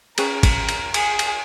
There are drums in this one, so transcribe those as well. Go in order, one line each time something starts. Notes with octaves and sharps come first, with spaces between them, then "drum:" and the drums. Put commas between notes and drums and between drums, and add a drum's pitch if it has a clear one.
C#4 G#4 A#4 B4 G5, drum: cymbal
drum: kick, cymbal
drum: cymbal
G#4, drum: cymbal
drum: cymbal